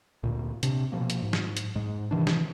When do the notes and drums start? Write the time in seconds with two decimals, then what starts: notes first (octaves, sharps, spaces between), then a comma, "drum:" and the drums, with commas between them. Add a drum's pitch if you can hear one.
0.23 D2 A#2
0.63 C3 D4, drum: hi-hat
0.92 B2 F3 A#3
1.10 drum: hi-hat
1.23 G#2
1.33 drum: snare
1.57 drum: hi-hat
1.76 G#2 G#3
2.11 C3 D#3 E3 D4
2.27 drum: snare